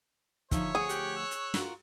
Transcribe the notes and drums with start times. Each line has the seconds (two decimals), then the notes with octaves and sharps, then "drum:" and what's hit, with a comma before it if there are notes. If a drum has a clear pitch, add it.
0.51 D3 F3 D#4 C#5 E5, drum: kick, hi-hat
0.75 D2 F3 G#4 F#5
0.89 G4 F#6, drum: hi-hat
1.16 E6 F#6
1.31 drum: hi-hat
1.54 F4 F#4 A#4, drum: snare